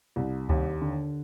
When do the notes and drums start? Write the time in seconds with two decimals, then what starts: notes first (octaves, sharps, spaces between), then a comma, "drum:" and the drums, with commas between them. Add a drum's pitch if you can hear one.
0.16 C2
0.49 D#2, drum: kick C#2
0.81 D3